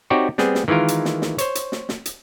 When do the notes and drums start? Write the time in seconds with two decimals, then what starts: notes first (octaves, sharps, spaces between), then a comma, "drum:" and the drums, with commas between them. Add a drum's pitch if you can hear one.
0.10 C4 D#4 F#4 G4 C#5 D5
0.38 G3 B3 C4 G#4, drum: snare
0.55 drum: snare
0.68 D#3 E3 G#3 F4 A#4
0.88 drum: hi-hat
1.05 drum: snare
1.22 drum: snare
1.38 C5 C#5, drum: hi-hat
1.55 drum: hi-hat
1.72 drum: snare
1.89 drum: snare
2.06 drum: hi-hat